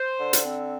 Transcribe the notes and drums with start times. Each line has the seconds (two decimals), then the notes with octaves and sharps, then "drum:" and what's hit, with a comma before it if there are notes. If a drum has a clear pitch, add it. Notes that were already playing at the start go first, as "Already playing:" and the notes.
Already playing: C5
0.18 D3
0.33 drum: hi-hat
0.43 C4